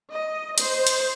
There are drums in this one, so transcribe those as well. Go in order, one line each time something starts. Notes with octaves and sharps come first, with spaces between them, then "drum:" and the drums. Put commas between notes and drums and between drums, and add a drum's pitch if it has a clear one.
D#5
C5, drum: hi-hat
drum: hi-hat